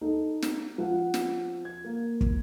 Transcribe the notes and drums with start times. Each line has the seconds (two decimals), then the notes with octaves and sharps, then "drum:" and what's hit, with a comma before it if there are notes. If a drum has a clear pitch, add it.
0.01 D#4 A4
0.42 drum: snare
0.78 F3 F#5
1.14 drum: snare
1.65 G#6
1.84 A#3
2.21 drum: kick